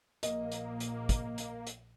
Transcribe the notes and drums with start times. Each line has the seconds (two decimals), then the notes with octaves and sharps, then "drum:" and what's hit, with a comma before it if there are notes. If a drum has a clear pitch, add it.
0.23 A#1 A#3 D#5, drum: hi-hat
0.52 drum: hi-hat
0.80 drum: hi-hat
1.09 drum: kick, hi-hat
1.38 drum: hi-hat
1.67 drum: hi-hat